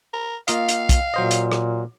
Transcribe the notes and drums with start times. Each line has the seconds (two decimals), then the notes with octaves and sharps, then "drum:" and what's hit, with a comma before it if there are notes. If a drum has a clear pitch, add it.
0.13 A#4
0.48 A#3 F4 D#5 F5, drum: hi-hat
0.69 drum: hi-hat
0.89 drum: kick, hi-hat
1.14 A#2 F#3 C5 D#5
1.31 drum: hi-hat
1.52 drum: rim click